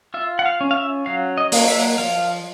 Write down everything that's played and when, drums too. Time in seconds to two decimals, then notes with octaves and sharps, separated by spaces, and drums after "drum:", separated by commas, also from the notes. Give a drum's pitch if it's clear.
0.14 F4 E5
0.39 F#5
0.45 F5
0.61 C#4
0.71 F5
0.77 E5
1.06 F#3 F5
1.38 D#5
1.52 A#3, drum: open hi-hat
1.68 E5
1.98 F3 F5